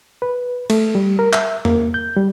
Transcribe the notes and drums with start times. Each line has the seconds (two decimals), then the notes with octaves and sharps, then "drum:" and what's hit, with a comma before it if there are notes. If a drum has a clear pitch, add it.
0.22 B4
0.70 A3, drum: cymbal
0.95 G3
1.19 A#4
1.33 E5, drum: clap
1.65 A#3, drum: tom E2
1.94 G6
2.17 G3